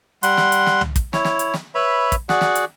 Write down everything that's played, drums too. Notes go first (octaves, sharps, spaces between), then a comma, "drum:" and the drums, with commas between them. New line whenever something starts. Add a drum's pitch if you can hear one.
G3 F#5 C6, drum: hi-hat
drum: snare
drum: hi-hat
drum: snare
drum: tom
drum: kick, hi-hat
E4 C#5, drum: snare
drum: snare
drum: hi-hat
drum: snare
B4 C#5 E5 B5
drum: kick, hi-hat
F#4 G#4 D5 F#5, drum: snare
drum: snare
drum: hi-hat